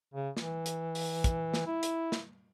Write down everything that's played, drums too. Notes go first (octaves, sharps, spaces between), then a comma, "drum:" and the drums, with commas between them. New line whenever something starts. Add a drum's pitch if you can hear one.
C#3
E3, drum: snare
drum: hi-hat
drum: open hi-hat
drum: kick, hi-hat
drum: snare
E4
drum: hi-hat
drum: snare